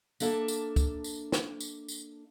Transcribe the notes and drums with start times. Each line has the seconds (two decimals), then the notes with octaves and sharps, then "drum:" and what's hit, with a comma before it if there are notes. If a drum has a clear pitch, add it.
0.20 A#3 D4 A4 E5 A5, drum: tambourine
0.48 drum: tambourine
0.76 drum: kick C#2, tambourine
1.04 drum: tambourine
1.32 drum: snare
1.60 drum: tambourine
1.88 drum: tambourine